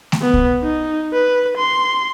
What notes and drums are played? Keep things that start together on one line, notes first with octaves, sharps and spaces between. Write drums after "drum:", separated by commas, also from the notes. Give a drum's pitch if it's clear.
drum: snare A3
B3
drum: kick C2
D#4
B4
C6